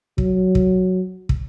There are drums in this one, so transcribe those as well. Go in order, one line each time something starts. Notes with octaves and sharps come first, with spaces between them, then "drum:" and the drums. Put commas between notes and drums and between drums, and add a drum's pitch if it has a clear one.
F#3, drum: kick
drum: kick
drum: kick